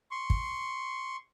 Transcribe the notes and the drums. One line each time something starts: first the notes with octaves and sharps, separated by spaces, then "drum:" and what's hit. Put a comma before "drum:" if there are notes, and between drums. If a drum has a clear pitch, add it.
C6 C#6
drum: kick